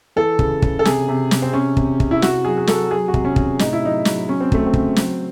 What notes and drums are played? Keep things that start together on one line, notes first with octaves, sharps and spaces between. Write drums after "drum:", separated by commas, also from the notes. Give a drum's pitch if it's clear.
E3 A4
C#3, drum: kick
C#3, drum: kick
A4
C3 G#4, drum: snare
C3
C3, drum: snare
C4
C3 C#4
C3, drum: kick
C3, drum: kick
E4
C3 F#4, drum: snare
F#3 G#4
G#4
F#3 A4, drum: snare
F#3 G#4
F#4
C3, drum: kick
C#4
C3, drum: kick
A2 D#4, drum: snare
E4
F#3 D#4
F#3, drum: snare
F#3 C#4
C4
F#3 A3, drum: kick
C4
C#3, drum: kick
F#3, drum: snare